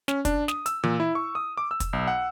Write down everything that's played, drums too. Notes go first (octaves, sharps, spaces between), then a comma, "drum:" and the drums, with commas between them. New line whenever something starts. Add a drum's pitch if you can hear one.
C#4, drum: snare
D4, drum: kick, hi-hat
D#6, drum: snare
E6, drum: hi-hat
A#2, drum: tom E3
E4
C#6
D#6
D6
E6
drum: kick, hi-hat
B1
F#5